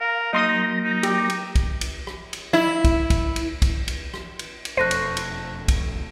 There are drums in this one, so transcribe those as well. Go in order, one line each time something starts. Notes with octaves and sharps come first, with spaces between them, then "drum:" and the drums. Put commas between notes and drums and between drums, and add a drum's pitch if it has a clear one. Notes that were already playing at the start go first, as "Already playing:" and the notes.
A#4 F5 A#5
F#3 A#3 D#4 D#5 C6 D#6 A#6
D#4
G4, drum: cymbal
drum: cymbal
drum: kick, cymbal
drum: cymbal
drum: rim click
drum: cymbal
E4
drum: kick, cymbal
drum: kick, cymbal
drum: cymbal
drum: kick, cymbal
drum: cymbal
drum: rim click
drum: cymbal
drum: cymbal
E1 F2 A3 C5 F#6 A#6 D#7
drum: cymbal
drum: cymbal
drum: kick, cymbal